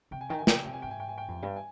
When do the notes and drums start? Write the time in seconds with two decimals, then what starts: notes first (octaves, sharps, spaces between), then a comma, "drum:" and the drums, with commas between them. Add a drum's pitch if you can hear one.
0.11 C3 G5
0.21 G#5
0.29 D#3 G5
0.39 G#5
0.47 C#3 G5, drum: snare
0.56 G#5
0.65 C3 G5
0.73 G#5
0.82 G#2 G5
0.91 G#5
1.00 G5
1.09 G#5
1.18 G5
1.28 F2
1.42 G2
1.56 G#5